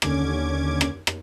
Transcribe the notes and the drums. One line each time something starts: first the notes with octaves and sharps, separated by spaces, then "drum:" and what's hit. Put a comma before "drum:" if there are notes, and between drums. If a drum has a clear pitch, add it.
D#2 D3 C#4 D6 G#6, drum: rim click
drum: rim click
drum: rim click